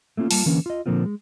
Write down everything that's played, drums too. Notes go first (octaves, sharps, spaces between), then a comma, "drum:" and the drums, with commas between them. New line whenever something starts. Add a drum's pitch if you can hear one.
A3 A#3 C#4 F4
G3 A#3 F4 A5, drum: open hi-hat
D3 E3 A#3 C#4
F4 D#5
A#2 D3 F3 A#3 C4 F4
G#3